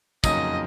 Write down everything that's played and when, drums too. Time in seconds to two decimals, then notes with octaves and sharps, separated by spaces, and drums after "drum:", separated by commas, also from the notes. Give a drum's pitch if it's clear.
0.24 F2 C#3 F#3 A#3 D#4 D#5, drum: kick, tambourine